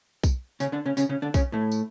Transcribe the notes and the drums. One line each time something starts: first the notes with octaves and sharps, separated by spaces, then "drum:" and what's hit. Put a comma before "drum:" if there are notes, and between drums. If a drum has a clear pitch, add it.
drum: kick B1, tambourine
C#3 C#4, drum: tambourine
D3 D4
C#3 C#4
C#3 C#4, drum: tambourine
C#3 C#4
D3 D4
C#3 C#4, drum: kick B1, tambourine
A2 A3
drum: tambourine